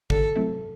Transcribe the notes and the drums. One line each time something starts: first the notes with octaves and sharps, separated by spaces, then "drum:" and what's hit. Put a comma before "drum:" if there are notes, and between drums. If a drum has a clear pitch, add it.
D3 A4, drum: kick
F#3 A3 C4 E4